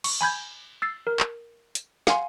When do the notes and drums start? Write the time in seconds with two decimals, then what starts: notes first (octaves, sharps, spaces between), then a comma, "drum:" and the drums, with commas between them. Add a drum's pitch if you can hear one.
0.04 C#6, drum: cymbal
0.21 G#5 B5 G6 G#6
0.82 E6 A6 C7
1.07 A#4
1.20 drum: clap
1.75 drum: hi-hat
2.07 F5 F#5 G#5 C6, drum: snare